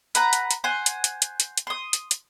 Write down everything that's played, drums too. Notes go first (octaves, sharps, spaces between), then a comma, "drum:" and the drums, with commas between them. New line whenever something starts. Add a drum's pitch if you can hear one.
B4 F#5 A#5, drum: hi-hat
drum: hi-hat
drum: hi-hat
C5 F#5 G#5
drum: hi-hat
drum: hi-hat
drum: hi-hat
drum: hi-hat
drum: hi-hat
C6 D#6
drum: hi-hat
drum: hi-hat